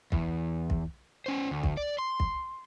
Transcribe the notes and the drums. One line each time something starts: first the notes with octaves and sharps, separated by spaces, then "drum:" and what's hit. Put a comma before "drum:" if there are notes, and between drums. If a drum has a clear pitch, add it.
E2, drum: kick
drum: kick
C#4 C5
D2
drum: kick
D5
C6
drum: kick